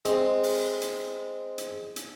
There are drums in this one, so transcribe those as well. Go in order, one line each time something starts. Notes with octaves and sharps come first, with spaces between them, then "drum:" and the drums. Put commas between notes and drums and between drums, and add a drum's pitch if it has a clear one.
G#3 C4, drum: hi-hat
drum: open hi-hat
drum: hi-hat
drum: hi-hat
drum: hi-hat